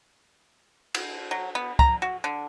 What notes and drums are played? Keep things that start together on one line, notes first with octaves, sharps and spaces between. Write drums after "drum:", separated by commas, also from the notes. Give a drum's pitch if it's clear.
drum: cymbal
F#3
B3
A#5, drum: kick
F#4
D3